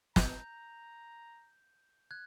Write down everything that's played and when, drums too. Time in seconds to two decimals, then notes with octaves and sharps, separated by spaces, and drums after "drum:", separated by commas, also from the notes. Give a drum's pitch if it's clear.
0.16 A#5 G6, drum: snare
2.11 F#6 G#6